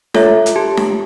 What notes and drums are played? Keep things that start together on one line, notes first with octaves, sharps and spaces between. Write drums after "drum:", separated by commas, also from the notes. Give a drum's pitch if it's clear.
F4 A4 C#5 E5, drum: snare D4
drum: hi-hat
G4 A5
drum: snare D4